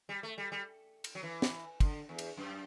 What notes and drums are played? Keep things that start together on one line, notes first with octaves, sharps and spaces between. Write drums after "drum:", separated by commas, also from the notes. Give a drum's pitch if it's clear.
G3
A3
G3
G3
drum: cymbal
F#3
E3
drum: snare
D3, drum: kick, cymbal
E2
drum: cymbal
F#2